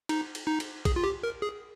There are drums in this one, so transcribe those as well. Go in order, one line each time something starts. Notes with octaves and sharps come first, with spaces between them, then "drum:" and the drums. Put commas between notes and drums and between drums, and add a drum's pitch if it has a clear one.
D#4, drum: cymbal
drum: cymbal
D#4
drum: cymbal
G#4, drum: kick, cymbal
F4
G4
A#4
G#4